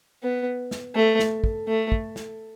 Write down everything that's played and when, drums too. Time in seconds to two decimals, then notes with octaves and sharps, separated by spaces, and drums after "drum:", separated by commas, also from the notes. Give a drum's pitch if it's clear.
0.23 B3
0.71 drum: snare
0.95 A3
1.19 drum: snare
1.44 drum: kick
1.68 A3
1.92 drum: kick
2.16 drum: snare